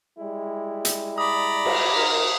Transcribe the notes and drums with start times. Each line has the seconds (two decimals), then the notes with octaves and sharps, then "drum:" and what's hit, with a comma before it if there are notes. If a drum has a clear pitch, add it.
0.18 G3 G#3 E4
0.85 drum: hi-hat
1.18 D5 A#5 B5 D#6
1.66 drum: cymbal
1.94 D#4 A#4